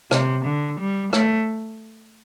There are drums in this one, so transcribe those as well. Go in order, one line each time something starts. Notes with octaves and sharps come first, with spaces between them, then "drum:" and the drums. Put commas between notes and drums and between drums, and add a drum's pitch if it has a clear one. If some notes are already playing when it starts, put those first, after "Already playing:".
C3, drum: rim click
D3
G3
A3, drum: rim click